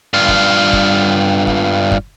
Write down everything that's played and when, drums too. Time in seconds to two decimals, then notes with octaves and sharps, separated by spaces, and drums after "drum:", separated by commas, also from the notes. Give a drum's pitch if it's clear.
0.14 G2 F4
0.28 drum: kick
0.73 drum: kick
1.47 drum: kick
1.91 drum: kick